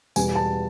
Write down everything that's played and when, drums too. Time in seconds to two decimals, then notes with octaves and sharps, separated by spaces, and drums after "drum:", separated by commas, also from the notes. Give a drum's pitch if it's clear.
0.16 E2 B2 G3 B3 G#5, drum: tambourine
0.35 A5